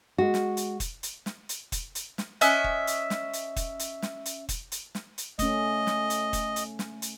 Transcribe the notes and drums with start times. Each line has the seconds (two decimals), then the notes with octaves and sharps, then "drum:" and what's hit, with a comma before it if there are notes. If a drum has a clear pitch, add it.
0.18 G#3 F#4
0.34 drum: snare
0.57 drum: hi-hat
0.80 drum: kick, hi-hat
1.03 drum: hi-hat
1.26 drum: snare
1.49 drum: hi-hat
1.72 drum: kick, hi-hat
1.95 drum: hi-hat
2.18 drum: snare
2.41 C#4 D#5 E5 F#6, drum: hi-hat
2.64 drum: kick
2.87 drum: hi-hat
3.10 drum: snare
3.33 drum: hi-hat
3.56 drum: kick, hi-hat
3.79 drum: hi-hat
4.02 drum: snare
4.26 drum: hi-hat
4.49 drum: kick, hi-hat
4.72 drum: hi-hat
4.95 drum: snare
5.18 drum: hi-hat
5.39 A3 C#4 D#5, drum: kick, hi-hat
5.87 drum: snare
6.10 drum: hi-hat
6.33 drum: kick, hi-hat
6.56 drum: hi-hat
6.79 drum: snare
7.02 drum: hi-hat